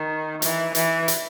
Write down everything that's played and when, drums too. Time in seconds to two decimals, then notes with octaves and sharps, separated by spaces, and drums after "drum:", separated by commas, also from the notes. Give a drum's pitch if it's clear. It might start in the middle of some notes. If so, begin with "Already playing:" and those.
Already playing: D#3
0.42 E3, drum: hi-hat
0.75 E3, drum: hi-hat
1.08 drum: hi-hat